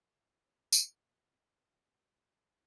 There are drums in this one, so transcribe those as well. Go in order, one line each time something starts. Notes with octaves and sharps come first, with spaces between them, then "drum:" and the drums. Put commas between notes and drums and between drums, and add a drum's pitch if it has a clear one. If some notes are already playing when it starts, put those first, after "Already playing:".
Already playing: E3
D#3
C#3
C3, drum: tambourine
B2
B2
C3